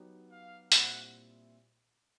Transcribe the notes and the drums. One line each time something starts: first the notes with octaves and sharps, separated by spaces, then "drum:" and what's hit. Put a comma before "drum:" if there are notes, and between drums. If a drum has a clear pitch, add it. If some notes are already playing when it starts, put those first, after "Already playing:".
Already playing: F#3 B3 D#4 G4
F5
A#2 G3 C4 E4 F#5, drum: hi-hat